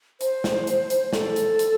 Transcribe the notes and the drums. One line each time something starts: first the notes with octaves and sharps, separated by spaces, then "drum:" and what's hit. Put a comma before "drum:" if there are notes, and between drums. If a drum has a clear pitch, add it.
C5, drum: hi-hat
drum: snare
drum: hi-hat
drum: hi-hat
A4, drum: snare
drum: hi-hat
drum: hi-hat